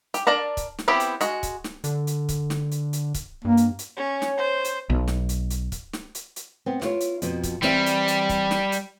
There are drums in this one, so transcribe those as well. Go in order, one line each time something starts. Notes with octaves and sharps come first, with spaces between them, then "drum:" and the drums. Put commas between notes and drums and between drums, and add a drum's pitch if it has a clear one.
G4, drum: hi-hat
D4 A#4 D5 A5 A#5
drum: kick, hi-hat
drum: snare
B3 C4 E4 G4
drum: hi-hat
G#3 F#4, drum: hi-hat
drum: kick, hi-hat
drum: snare
D3, drum: hi-hat
drum: hi-hat
drum: kick, hi-hat
drum: snare
drum: hi-hat
drum: hi-hat
drum: kick, hi-hat
G2 A#3
drum: hi-hat
drum: hi-hat
C#4 C#5
drum: snare
C5
drum: hi-hat
B1
drum: snare
drum: hi-hat
drum: hi-hat
drum: kick, hi-hat
drum: snare
drum: hi-hat
drum: hi-hat
B3 C4
E4 F4 C#5, drum: snare
drum: hi-hat
F2 B2, drum: hi-hat
drum: kick, hi-hat
E3 G3 C4 E5, drum: snare
drum: hi-hat
drum: hi-hat
drum: kick, hi-hat
drum: snare
drum: hi-hat